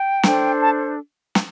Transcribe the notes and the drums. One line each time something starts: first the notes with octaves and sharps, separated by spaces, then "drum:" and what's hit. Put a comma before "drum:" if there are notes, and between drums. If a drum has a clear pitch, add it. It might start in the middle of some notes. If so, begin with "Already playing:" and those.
Already playing: G5
D4 A4 C5, drum: snare
A5
drum: snare